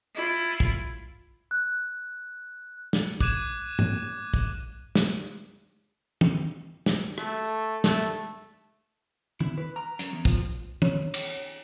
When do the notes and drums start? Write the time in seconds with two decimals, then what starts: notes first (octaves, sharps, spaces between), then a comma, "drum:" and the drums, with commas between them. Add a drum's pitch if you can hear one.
0.15 E4 F4
0.60 drum: kick
1.51 F#6
2.93 drum: snare
3.20 D6 F#6 G#6 D#7 E7, drum: kick
3.79 drum: tom
4.34 drum: kick
4.95 drum: snare
6.21 drum: tom
6.86 drum: snare
7.18 A3, drum: rim click
7.84 A3, drum: snare
9.40 E4, drum: tom
9.58 B4
9.76 A#5
9.99 F#2, drum: hi-hat
10.13 E2
10.25 F3, drum: kick
10.82 C#5, drum: tom
11.14 drum: cymbal